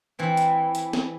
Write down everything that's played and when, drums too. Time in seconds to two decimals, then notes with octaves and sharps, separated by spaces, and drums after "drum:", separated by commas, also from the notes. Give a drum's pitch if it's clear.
0.19 E3 C4 E4
0.37 drum: hi-hat
0.75 drum: hi-hat
0.93 drum: snare